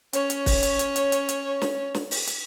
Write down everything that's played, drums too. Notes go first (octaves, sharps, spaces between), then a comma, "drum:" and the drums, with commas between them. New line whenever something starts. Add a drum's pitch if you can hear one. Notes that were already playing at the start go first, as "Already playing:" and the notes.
C#4 C#5, drum: hi-hat
drum: hi-hat
drum: kick, open hi-hat
drum: hi-hat
drum: hi-hat
drum: hi-hat
drum: hi-hat
drum: hi-hat
drum: snare
drum: snare
drum: open hi-hat
drum: hi-hat